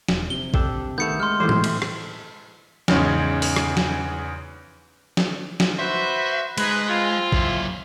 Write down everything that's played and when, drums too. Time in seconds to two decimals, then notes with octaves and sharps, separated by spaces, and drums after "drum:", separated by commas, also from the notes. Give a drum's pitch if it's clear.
0.08 E1, drum: snare
0.30 C3 G7
0.54 D4 G4 A4, drum: kick
0.98 D#3 A3 B3 G6 C#7
1.20 G#3 C6 F6
1.40 A2 C3 E3 A4 C5
1.49 drum: tom A2
1.64 drum: cymbal
1.82 drum: rim click
2.88 E2 G#2 C#3 C#4, drum: snare
3.42 drum: open hi-hat
3.56 drum: rim click
3.77 drum: snare
5.17 drum: snare
5.60 drum: snare
5.79 F#4 B4 C5 E5
6.58 G#3 D#4 B4, drum: cymbal
6.88 C4 F4
7.32 F#2 E4, drum: kick